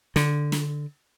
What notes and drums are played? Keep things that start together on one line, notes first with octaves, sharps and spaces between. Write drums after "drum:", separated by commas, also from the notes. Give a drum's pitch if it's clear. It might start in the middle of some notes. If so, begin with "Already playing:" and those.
D3, drum: snare
drum: snare